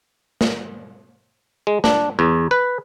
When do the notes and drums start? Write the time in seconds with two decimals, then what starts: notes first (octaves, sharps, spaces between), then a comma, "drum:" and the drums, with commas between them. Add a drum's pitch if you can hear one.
0.41 drum: snare
1.67 G#3
1.84 D4, drum: snare
2.19 E2
2.51 B4